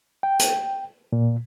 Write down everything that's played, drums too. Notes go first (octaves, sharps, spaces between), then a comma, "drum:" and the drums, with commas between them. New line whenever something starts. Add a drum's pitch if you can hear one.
G5
drum: hi-hat
A#2